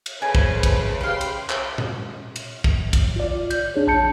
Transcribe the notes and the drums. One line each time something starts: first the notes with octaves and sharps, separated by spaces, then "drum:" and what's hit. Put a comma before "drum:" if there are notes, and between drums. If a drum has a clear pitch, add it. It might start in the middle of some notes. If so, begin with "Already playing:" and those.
drum: cymbal
C#3 A4 B4 C5 G#5
drum: kick
drum: kick, cymbal
G4 B4 F5 G5 C6
drum: cymbal
drum: clap
drum: tom A#2
drum: cymbal
drum: kick
drum: kick, cymbal
F4 D5
G6, drum: cymbal
D4 G#4 C#5
A#1 A5 G6 C#7